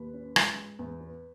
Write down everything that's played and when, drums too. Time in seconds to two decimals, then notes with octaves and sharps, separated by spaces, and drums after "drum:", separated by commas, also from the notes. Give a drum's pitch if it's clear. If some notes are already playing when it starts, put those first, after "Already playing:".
Already playing: D#2 B4
0.14 C#4
0.36 G#3, drum: rim click
0.58 G#3
0.79 E2
1.01 B3